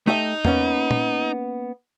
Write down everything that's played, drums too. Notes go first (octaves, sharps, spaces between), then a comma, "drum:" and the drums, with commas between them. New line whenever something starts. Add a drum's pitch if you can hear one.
A3 D#4 G4 E5
A#3 B3 C#4, drum: tom E2
drum: tom